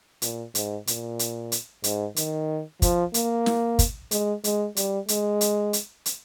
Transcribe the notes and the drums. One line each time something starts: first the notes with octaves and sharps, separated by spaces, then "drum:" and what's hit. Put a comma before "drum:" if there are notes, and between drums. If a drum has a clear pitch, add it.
A#2, drum: hi-hat
G#2, drum: hi-hat
A#2, drum: hi-hat
drum: hi-hat
drum: hi-hat
G#2, drum: hi-hat
D#3, drum: hi-hat
F3, drum: kick, hi-hat
A#3, drum: hi-hat
drum: snare
drum: kick, hi-hat
G#3, drum: hi-hat
G#3, drum: hi-hat
G3, drum: hi-hat
G#3, drum: hi-hat
drum: hi-hat
drum: hi-hat
drum: hi-hat